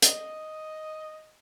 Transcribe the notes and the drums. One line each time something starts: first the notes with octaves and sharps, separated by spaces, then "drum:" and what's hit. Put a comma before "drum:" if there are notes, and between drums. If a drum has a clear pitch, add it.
D#5, drum: hi-hat